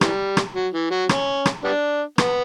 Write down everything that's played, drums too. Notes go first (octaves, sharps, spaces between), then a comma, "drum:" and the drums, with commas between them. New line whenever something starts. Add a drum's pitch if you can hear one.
E3 G3, drum: rim click
drum: rim click
F#3
E3
F#3
C#4, drum: rim click
drum: rim click
G3 B3 D4
B3, drum: rim click